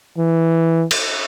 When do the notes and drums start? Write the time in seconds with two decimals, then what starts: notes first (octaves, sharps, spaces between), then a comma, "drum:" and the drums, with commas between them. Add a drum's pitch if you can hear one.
0.18 E3
0.91 drum: cymbal